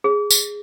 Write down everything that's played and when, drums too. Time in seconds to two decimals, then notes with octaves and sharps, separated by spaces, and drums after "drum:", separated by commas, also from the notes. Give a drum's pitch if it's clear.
0.04 G#4
0.31 drum: tambourine